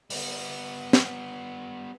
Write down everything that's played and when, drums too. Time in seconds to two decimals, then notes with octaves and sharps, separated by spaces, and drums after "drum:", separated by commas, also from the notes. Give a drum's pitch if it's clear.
0.10 G3 B3, drum: open hi-hat
0.93 drum: snare